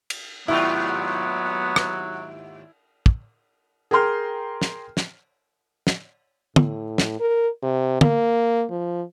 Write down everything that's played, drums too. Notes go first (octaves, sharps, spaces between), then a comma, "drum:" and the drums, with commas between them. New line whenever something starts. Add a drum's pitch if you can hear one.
drum: cymbal
D#2 G#2 F#3 B3 E4 F4
drum: rim click
drum: kick
G#4 A#4 G5 A#5 C6 F6
drum: snare
drum: snare
drum: snare
A2, drum: tom
drum: snare
A#4
C3
A#3, drum: tom
F3